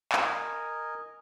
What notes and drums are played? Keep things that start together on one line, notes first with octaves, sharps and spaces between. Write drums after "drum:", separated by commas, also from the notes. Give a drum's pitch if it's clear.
A#4 D#5 G#5, drum: clap